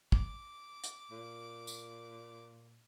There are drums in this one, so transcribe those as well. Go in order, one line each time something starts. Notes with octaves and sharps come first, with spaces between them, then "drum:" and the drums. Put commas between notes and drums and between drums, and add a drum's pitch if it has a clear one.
D6, drum: kick
drum: hi-hat
A#2
drum: tambourine